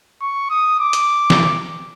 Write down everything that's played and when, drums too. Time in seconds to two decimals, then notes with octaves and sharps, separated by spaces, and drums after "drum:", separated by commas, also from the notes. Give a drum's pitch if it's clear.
0.21 C#6
0.50 D#6
0.79 D6
0.93 drum: hi-hat
1.30 drum: snare